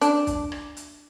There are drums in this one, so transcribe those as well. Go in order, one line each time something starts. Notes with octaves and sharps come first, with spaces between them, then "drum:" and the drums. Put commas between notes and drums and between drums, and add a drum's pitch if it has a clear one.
D4, drum: hi-hat
drum: kick, hi-hat
drum: rim click
drum: hi-hat